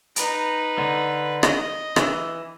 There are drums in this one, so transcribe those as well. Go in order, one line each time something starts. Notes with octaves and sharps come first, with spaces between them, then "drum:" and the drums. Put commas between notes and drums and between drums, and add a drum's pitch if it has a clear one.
D#4 B4, drum: hi-hat
D3
D#5, drum: rim click
E3, drum: rim click